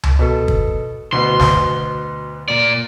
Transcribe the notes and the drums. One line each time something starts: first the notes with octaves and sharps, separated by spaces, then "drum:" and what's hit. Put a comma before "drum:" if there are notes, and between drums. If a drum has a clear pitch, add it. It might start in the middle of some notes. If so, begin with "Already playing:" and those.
drum: tom C#2
B2 A4
drum: kick
D2 B2 B3 C6
drum: snare
A#2 D5